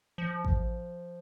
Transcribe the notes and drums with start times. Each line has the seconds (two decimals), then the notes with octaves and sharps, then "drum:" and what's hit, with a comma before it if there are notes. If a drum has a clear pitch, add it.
0.18 F3
0.45 drum: kick A1